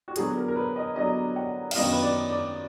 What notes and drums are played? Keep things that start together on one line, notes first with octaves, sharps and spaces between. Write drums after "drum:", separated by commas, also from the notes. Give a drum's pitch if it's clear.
F#4
D3 F#3 B3 D4 G#4, drum: hi-hat
A#4
A#4
B4
D#5
D3 F#3 B3 D4 D#5
F#5
F5, drum: cymbal
F#2 D#3 F#3 B3 D4 D#5
B4
D5
D5